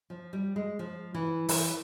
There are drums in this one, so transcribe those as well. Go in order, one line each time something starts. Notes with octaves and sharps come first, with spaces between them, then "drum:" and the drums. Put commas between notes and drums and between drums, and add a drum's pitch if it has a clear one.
F3
G3
G#3
F3
E3
E3, drum: open hi-hat